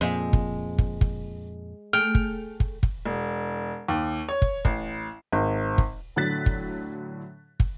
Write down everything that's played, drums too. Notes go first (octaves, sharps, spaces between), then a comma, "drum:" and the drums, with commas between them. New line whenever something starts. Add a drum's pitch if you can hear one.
F2 A#2 G#3 C5 E5 F5
drum: kick
drum: kick
drum: kick
A3 G#4 G5 F6
drum: kick
drum: kick
drum: kick
E1
D#2
C#5
drum: kick
A1, drum: kick
G#1
drum: kick
A2 D3 F#3 F#6 A6 B6
drum: kick
drum: kick